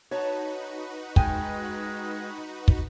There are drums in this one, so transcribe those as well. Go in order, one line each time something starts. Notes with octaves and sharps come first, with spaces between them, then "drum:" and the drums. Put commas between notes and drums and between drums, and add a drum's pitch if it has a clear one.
D#4 F#4 B4 C#5 A5
G#3 G5 G#5, drum: kick
drum: kick